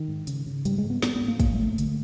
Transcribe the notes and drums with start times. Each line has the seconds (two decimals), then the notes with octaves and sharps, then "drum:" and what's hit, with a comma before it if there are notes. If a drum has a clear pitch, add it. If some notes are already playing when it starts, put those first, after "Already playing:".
Already playing: D#3
0.08 G#2
0.27 C#3, drum: hi-hat
0.46 C#3
0.65 G#2 G3, drum: hi-hat
0.78 G#3
0.84 G#2
0.90 B3
1.02 G#2 B3, drum: snare
1.16 B3
1.22 G#2
1.28 A#3
1.40 G#2 A#3, drum: kick, hi-hat
1.54 G#3
1.59 G#2 A3
1.78 D3, drum: hi-hat